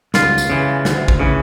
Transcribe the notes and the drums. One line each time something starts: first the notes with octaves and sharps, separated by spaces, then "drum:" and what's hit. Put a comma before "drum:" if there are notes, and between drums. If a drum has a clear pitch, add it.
C#2 F4, drum: snare
drum: tambourine
C#3 E3
D2, drum: snare
drum: kick G#1
C#3 E3